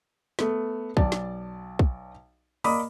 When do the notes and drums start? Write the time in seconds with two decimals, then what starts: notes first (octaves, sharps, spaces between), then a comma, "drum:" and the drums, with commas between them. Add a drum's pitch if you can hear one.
0.39 A3 B3, drum: snare
0.97 B1 D5 A5, drum: kick
1.12 drum: snare
1.79 drum: kick
2.64 A#3 D5 D#5 B5 D6 D#6, drum: open hi-hat